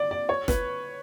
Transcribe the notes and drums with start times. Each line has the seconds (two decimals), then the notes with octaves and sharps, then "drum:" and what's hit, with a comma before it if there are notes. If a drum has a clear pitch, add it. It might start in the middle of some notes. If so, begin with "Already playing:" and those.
Already playing: D5
0.11 D5
0.29 C#5
0.48 B4, drum: snare